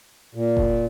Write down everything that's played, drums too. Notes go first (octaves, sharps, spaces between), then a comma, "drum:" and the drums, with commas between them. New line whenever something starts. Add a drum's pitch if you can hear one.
A#2
drum: kick F1